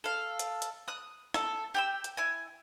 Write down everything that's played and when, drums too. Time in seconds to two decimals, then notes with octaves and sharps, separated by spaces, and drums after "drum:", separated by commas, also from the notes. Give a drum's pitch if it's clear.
0.04 A4 F5
0.39 drum: hi-hat
0.62 drum: hi-hat
0.88 D#6 F#6
1.34 A4, drum: rim click
1.74 G4 G5 E6
2.04 drum: hi-hat
2.17 E4 G#5